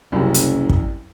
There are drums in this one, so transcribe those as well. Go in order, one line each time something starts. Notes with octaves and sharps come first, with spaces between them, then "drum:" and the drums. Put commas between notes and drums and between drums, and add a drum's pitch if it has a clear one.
F#1 C2 F#2 C3
drum: hi-hat
drum: kick